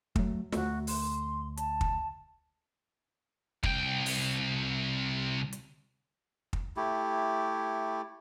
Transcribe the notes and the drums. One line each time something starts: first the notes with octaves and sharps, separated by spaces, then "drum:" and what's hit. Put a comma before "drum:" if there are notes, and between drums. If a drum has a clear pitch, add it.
F#3 A3, drum: kick
D2 A3 F#4, drum: snare
C6, drum: open hi-hat
A5, drum: hi-hat
drum: kick
C2 G5, drum: kick
drum: open hi-hat
drum: hi-hat
drum: kick
A3 E4 G4